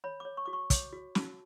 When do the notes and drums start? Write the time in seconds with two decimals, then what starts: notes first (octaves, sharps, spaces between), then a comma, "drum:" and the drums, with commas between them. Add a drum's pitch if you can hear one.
0.04 C#5 B5
0.20 C#5 D6
0.37 C#6
0.46 F#4 D6
0.53 C#6
0.70 C#5 D6, drum: kick, hi-hat
0.93 F#4
1.15 F#4 A5, drum: snare